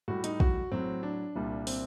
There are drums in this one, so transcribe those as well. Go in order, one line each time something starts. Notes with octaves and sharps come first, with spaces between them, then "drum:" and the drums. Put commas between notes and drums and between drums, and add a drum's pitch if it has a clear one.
A2 G3 F#4
D#4, drum: hi-hat
F#4, drum: kick
A2 F#3 C4
D4
C2 A#2 G3
C4, drum: open hi-hat